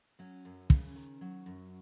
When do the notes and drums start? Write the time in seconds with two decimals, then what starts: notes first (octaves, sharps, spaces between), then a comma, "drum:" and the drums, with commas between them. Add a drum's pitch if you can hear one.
0.19 F#3 C#4
0.45 F#2
0.70 C#3, drum: kick
0.95 D#3
1.21 F#3
1.46 F#2